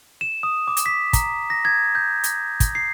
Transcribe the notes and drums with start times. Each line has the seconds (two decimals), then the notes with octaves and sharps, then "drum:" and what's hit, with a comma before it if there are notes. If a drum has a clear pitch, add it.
0.21 E7
0.43 D#6
0.68 D6
0.77 drum: hi-hat
0.86 B6
1.13 A#5, drum: kick, hi-hat
1.50 A#6
1.65 G#6
1.95 G6
2.24 drum: hi-hat
2.60 drum: kick, hi-hat
2.75 C7